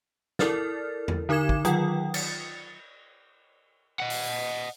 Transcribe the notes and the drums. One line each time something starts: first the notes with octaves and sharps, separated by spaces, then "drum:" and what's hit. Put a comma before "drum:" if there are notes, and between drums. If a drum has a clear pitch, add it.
E4 A4 A#4 D5 F6 A6, drum: snare
drum: tom E2
D3 D#4 A#4 D6 G#6 E7
drum: kick
D#3 F#3 F4 F#5 G5 D#6, drum: hi-hat
A6 C#7, drum: cymbal
D#5 F#5
drum: open hi-hat